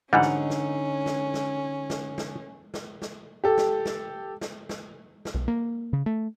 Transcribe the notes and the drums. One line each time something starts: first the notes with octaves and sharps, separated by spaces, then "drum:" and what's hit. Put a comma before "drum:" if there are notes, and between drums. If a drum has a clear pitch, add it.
G#2 D3 E3 G3 C#4 D#4 F#5
drum: snare
drum: snare
drum: snare
drum: snare
drum: snare
drum: snare
drum: snare
drum: snare
G4 A4
drum: snare
drum: snare
drum: snare
drum: snare
drum: snare
B1
A#3
C#3
A3